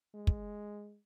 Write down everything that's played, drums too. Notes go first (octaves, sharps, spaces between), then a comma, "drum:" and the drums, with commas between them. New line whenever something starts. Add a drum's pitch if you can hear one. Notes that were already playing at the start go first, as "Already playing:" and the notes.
G#3
drum: kick